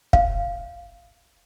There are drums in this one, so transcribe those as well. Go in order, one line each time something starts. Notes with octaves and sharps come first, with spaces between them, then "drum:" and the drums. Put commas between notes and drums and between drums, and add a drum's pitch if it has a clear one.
F5, drum: kick